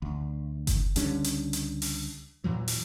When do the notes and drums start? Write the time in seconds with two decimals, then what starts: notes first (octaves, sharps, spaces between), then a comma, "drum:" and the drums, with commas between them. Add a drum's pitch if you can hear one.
0.02 D2
0.67 drum: kick F#1, hi-hat
0.96 C#2 D3 G3 C#4, drum: hi-hat
1.24 drum: hi-hat
1.53 drum: hi-hat
1.82 drum: open hi-hat
2.44 E2 A#2 E3 F#3
2.68 drum: open hi-hat